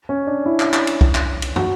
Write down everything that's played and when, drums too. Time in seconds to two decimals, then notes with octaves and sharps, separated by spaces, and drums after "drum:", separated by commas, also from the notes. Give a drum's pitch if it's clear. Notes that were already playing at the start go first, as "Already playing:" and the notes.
0.09 C#4
0.27 D4
0.46 E4
0.60 drum: clap
0.73 drum: clap
0.87 drum: cymbal
1.01 drum: kick
1.15 drum: clap
1.42 drum: cymbal
1.56 F#4, drum: tom